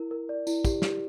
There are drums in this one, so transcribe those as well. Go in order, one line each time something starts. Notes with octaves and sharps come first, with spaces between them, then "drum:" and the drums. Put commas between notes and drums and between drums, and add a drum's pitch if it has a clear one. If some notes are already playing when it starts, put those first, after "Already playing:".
Already playing: E4 A#4
A#4
D5
E4, drum: tambourine
G4, drum: kick, tambourine
G4, drum: snare